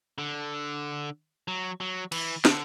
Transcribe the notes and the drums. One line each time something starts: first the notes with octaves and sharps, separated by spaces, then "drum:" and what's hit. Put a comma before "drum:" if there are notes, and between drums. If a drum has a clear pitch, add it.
D3
F#3
F#3
E3, drum: cymbal
D3, drum: snare